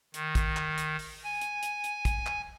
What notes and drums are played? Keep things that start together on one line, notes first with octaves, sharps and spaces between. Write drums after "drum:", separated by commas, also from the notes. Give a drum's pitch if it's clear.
D#3, drum: hi-hat
drum: kick, hi-hat
drum: clap
drum: hi-hat
drum: open hi-hat
G#5
drum: hi-hat
drum: hi-hat
drum: hi-hat
drum: kick, hi-hat
drum: clap